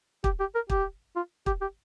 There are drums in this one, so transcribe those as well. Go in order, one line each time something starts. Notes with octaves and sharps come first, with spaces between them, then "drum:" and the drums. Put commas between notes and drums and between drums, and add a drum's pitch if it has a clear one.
G4, drum: kick
G4
A#4
G4, drum: kick
F4
G4, drum: kick
G4